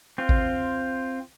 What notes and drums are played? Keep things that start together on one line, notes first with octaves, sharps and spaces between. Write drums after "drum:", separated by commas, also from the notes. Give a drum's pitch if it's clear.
C4 F4
drum: kick A1